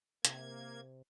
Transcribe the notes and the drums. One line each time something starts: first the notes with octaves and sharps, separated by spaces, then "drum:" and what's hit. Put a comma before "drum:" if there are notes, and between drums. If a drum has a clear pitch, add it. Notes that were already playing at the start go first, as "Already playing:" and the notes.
C3 A#3 G#6, drum: hi-hat